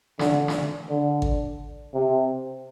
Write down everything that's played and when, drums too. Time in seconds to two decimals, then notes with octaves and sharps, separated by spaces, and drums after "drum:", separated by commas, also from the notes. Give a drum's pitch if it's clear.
0.19 D3, drum: snare
0.48 drum: snare
0.89 D3
1.22 drum: kick G#1
1.94 C3